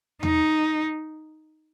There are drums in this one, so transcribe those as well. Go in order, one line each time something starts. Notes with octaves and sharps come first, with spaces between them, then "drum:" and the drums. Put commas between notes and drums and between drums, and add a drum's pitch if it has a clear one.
D#4, drum: tom E2